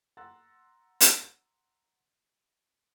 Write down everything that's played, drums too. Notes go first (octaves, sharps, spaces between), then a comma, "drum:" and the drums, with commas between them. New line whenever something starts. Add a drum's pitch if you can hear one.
F#5 A#5 C6 E6 F#6 A6
drum: hi-hat